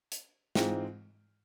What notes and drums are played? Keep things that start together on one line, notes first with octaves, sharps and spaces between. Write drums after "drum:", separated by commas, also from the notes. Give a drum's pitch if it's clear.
drum: hi-hat
G#2 E3 G#3 C4 F4, drum: snare